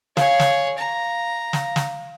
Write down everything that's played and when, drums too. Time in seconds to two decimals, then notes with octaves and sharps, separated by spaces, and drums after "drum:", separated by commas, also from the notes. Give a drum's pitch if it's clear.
0.17 G#4 C#5 F5, drum: snare
0.40 drum: snare
0.78 A#5
1.53 drum: snare
1.76 drum: snare